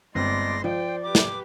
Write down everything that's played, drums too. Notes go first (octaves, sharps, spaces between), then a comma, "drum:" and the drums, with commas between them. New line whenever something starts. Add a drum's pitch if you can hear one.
G1 G#3 C4 D5 C6 A#6
F3 C5 D5 G5
G4 B4 D6
drum: snare